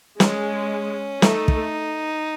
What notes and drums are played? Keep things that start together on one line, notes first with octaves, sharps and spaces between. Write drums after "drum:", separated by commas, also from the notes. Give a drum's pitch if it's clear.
G#3 C#4, drum: snare
A3 D#4, drum: snare
drum: kick